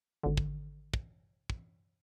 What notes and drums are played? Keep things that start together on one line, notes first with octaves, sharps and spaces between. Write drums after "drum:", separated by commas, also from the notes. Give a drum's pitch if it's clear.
G#1 D3
drum: kick
drum: kick
drum: kick